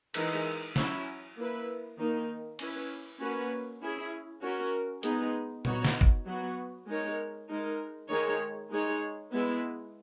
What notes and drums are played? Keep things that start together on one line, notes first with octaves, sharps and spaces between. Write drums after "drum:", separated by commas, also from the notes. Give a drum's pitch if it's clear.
E3 G#3 D#4 A#4, drum: cymbal
F#3 C#4 E4, drum: snare
A#3 E4 B4
D#3 A#3 D#4
C#4 E4 B4, drum: cymbal
A#3 C#4 F#4 B4
C#4 E4 G#4
C#4 F#4 A#4
G#3 B3 D#4 G#4, drum: hi-hat
B3 D#4 F#4 C#5, drum: tom A#2
drum: snare
drum: kick
F#3 B3 F#4
G#3 D#4 A#4 C#5
G#3 D#4 A#4
D#3 G#3 D#4 G#4 C#5
G#3 D#4 G#4 C#5
G#3 B3 E4 B4